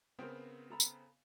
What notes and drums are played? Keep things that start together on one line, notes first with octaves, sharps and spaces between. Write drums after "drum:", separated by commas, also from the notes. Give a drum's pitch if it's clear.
C#3 B3 C4 A#4 C5 G5
A4 A#5 B5
drum: tambourine